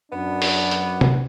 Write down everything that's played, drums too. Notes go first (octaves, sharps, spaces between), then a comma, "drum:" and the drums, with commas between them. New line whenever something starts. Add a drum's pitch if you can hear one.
F#2 B3 D4
drum: open hi-hat
drum: hi-hat
drum: tom